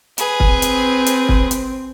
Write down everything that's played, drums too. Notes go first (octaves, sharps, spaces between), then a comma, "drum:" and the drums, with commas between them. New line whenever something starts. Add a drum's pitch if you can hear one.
G#4 B4, drum: hi-hat
drum: kick
C4
drum: hi-hat
drum: hi-hat
drum: kick
drum: hi-hat